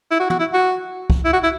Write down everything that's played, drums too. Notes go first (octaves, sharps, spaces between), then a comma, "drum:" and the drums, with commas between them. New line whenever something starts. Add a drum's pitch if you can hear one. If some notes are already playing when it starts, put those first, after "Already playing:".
E4
F#4
F#4, drum: tom
E4
F#4
drum: kick
E4
F#4
E4